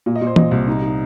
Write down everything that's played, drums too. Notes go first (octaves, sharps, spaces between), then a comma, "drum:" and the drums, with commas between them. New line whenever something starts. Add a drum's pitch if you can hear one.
A#2
D#5
A#2
C5
A#2 D#5, drum: tom E3
C2
D#4
D#4